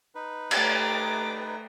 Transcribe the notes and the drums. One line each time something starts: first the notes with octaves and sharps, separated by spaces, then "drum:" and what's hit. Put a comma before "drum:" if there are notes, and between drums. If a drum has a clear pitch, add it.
D#4 B4
A3 G4 A5 A#5 D6, drum: cymbal